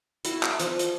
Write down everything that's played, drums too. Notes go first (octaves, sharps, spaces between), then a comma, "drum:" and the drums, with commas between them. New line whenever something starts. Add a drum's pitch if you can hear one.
E4 F#4, drum: hi-hat
drum: clap
F3, drum: hi-hat
drum: hi-hat